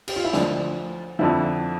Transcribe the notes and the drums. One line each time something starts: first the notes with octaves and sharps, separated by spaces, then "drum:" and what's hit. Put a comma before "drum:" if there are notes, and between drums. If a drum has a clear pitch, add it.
G4, drum: cymbal
F4
E4
D2 D3 F3 D4, drum: snare
F2 D3 F3 E4